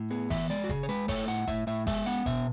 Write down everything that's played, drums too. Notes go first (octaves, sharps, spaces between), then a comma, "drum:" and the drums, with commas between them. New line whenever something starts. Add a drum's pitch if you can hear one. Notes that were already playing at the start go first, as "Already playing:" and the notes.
Already playing: A2
B3 G#4
E3 E5, drum: kick F#1, open hi-hat
G#3 D5
F#4
C#3 G#4, drum: kick F#1, hi-hat
C#5
G#3 B4
A3 C#5, drum: kick F#1, open hi-hat
A2 F#5
A2 E5, drum: kick F#1, hi-hat
A2 E5
G#3 E5, drum: kick F#1, open hi-hat
B3 F#5
B2 E5, drum: kick F#1, hi-hat